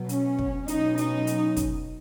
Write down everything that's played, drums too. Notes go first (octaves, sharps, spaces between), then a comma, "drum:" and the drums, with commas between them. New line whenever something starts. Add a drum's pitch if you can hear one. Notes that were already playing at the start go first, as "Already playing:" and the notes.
Already playing: B2 F#3
C#4, drum: hi-hat
drum: kick
B2 F#3 C#4 D#4, drum: hi-hat
D#4, drum: hi-hat
drum: hi-hat
drum: kick, hi-hat